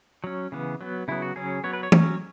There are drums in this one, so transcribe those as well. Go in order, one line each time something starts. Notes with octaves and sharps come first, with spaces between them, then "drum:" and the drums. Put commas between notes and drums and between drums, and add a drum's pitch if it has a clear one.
F#3 C#4
C#3 E3 B3
F#3 B3
C#3 F#3 B3 E4
F#4
C#3 F#3 C#4 G#4
F#3 B3 C#5
B4
C#5
F#3 C#4, drum: tom E3